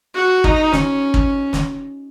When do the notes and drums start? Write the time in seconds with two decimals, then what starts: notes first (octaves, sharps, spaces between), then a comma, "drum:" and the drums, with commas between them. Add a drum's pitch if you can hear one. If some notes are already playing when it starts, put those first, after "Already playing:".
0.15 F#4
0.44 D#4, drum: kick
0.73 C#4, drum: snare
1.14 drum: kick
1.53 drum: snare